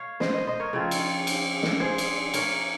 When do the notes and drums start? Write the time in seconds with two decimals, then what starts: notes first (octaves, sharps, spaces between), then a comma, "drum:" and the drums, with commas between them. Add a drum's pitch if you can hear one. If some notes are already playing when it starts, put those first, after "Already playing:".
Already playing: C#5 F5
0.20 C5 D#5, drum: snare
0.33 C5 D#5
0.47 C5 D#5
0.60 A#4 C#5
0.73 C#3 F3 C4
0.91 drum: cymbal
1.27 drum: cymbal
1.63 drum: snare
1.80 G#4 C5
1.98 drum: cymbal
2.34 A#4 C#5, drum: cymbal